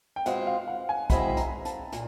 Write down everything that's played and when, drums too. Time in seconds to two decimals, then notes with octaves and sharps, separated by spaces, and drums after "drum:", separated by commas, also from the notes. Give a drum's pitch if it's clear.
0.16 G5
0.26 B2 G#3 C4 F4 F#5, drum: hi-hat
0.47 F5
0.68 F#5
0.89 G#5
1.10 B2 G#3 C4 E4 B5, drum: kick B1, hi-hat
1.37 A#5, drum: hi-hat
1.65 A5, drum: hi-hat
1.93 A#2, drum: hi-hat